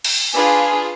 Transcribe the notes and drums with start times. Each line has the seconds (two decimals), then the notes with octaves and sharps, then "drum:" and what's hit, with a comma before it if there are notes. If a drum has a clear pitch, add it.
0.04 drum: cymbal
0.34 D4 F4 G#4 B4 G#5